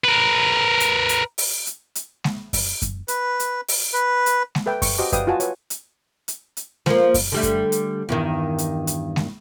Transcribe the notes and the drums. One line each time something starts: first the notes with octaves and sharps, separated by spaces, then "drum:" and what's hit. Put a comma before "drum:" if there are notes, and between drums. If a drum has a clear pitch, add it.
A#4 B4
drum: hi-hat
drum: hi-hat
drum: open hi-hat
drum: hi-hat
drum: hi-hat
drum: snare G#3
drum: kick F#2, open hi-hat
drum: kick F#2, hi-hat
B4, drum: hi-hat
drum: hi-hat
drum: open hi-hat
B4
drum: hi-hat
drum: snare G#3
A4 B4 E5 G5
C#6, drum: kick F#2, open hi-hat
F#4 G4 C5 D#5 A5 D6
B4 D5 F5 G5 D#6, drum: kick F#2, hi-hat
F4 F#4 G#5 A5
B4 C#5, drum: hi-hat
drum: hi-hat
drum: hi-hat
drum: hi-hat
F3 A#3, drum: snare G#3
drum: kick F#2, open hi-hat
D3 G3 A3
drum: kick F#2, hi-hat
drum: hi-hat
E2 G2 D#3
drum: hi-hat
drum: hi-hat
drum: snare G#3